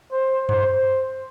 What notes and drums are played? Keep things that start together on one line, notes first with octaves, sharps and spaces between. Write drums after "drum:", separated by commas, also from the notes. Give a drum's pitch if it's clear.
C5
C5, drum: tom F#2